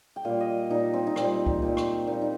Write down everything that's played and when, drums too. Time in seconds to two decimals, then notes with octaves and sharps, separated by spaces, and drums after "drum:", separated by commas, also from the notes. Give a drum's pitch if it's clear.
0.16 G5
0.25 A#2 G3 F5
0.40 D#5
0.70 A#2 G3 D#4
0.93 C4
1.07 D#4
1.16 A#2 G3 C4, drum: rim click
1.46 drum: kick C#2
1.62 A#2 G3
1.77 drum: rim click
2.07 A#2 G3 D#4
2.22 D#4